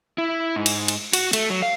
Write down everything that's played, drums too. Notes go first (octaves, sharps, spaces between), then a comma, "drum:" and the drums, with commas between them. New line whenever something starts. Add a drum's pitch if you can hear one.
E4
G#2
drum: cymbal
drum: cymbal
F#4, drum: cymbal
A3, drum: cymbal
F#3
F5